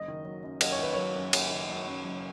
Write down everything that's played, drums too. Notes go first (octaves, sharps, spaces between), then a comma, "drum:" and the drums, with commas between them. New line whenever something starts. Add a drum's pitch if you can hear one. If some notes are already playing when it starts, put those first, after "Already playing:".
Already playing: F#1 D#5
D#3
F#3
F#2
F#1 D#5, drum: cymbal
C#5
D#3 B4
F#3 C#5
F#2
F#1, drum: cymbal
D#3
F#3
F#2
F#1